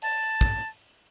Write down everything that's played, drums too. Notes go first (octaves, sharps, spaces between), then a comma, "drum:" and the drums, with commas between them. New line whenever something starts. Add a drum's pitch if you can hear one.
A5, drum: open hi-hat
drum: kick